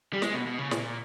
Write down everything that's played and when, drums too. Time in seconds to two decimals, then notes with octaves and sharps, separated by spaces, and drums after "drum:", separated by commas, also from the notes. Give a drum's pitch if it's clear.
0.13 G3
0.22 G#3, drum: snare
0.34 B2
0.47 B2
0.59 C#3
0.71 A#2, drum: snare